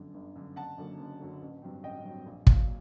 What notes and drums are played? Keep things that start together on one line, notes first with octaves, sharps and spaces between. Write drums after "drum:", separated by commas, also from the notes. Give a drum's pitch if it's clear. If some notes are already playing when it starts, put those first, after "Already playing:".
Already playing: G1 F#2 D3
G1
F#2 D3
F#1 F#5 A5
F#2 D3 F#3 A#3
F#1
F#2 D3 F#3 A#3
A1
G2 F#3 C4
A1 D#5 G5
G2 F#3 C4
A#1
A#2 F#3, drum: kick